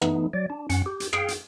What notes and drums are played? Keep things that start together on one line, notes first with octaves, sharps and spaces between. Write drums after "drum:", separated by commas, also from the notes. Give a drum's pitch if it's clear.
E3 A3 B3 D#4, drum: rim click
F#3 D5
D4
F#2 C#4 F#5, drum: hi-hat
G4
drum: hi-hat
G#4 F5 G5, drum: rim click
drum: hi-hat